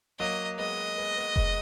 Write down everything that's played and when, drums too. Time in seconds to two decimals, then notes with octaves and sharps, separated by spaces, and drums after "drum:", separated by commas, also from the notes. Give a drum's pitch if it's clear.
0.20 F#3 A#3 D#5
0.58 G#3 B3 D#5
0.98 G#3 B3
1.16 G#3 B3
1.36 G#3 B3, drum: kick F1